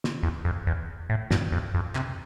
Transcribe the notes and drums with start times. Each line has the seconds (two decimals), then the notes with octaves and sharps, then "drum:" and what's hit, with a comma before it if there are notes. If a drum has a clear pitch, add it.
0.04 drum: snare
0.23 E2
0.45 F2
0.67 E2
1.10 A2
1.31 G2, drum: snare
1.52 F2
1.74 F2
1.95 C3, drum: clap